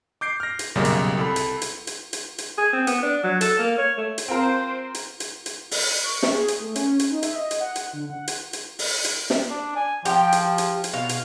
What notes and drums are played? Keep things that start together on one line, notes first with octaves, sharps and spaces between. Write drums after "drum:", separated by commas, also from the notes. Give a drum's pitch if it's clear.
D6 G6 C7 D7
F6 A#6
drum: hi-hat
B1 F#2 A#2 C#3 G3
drum: hi-hat
C2 A4 B5
drum: hi-hat
drum: hi-hat
drum: hi-hat
drum: hi-hat
drum: hi-hat
G#4
C4
B3, drum: hi-hat
D4
F#3
A4, drum: hi-hat
A#3
C#5
A3
drum: hi-hat
C4 F4 A#4 C5
drum: hi-hat
drum: hi-hat
drum: hi-hat
drum: open hi-hat
C#6
drum: snare
G#4
drum: hi-hat
A3
C#4, drum: hi-hat
drum: hi-hat
D#4
E5, drum: hi-hat
D#5
drum: hi-hat
F#5
F#5, drum: hi-hat
D3
F#5
drum: hi-hat
drum: hi-hat
drum: open hi-hat
drum: hi-hat
drum: snare
D4
G#5
F3 G4 G5, drum: hi-hat
drum: hi-hat
drum: hi-hat
drum: hi-hat
B2 F5
drum: hi-hat